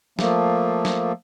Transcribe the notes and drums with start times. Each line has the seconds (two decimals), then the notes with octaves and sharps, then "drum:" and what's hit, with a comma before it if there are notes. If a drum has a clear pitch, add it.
0.19 F3 A3 A#3, drum: snare
0.85 drum: snare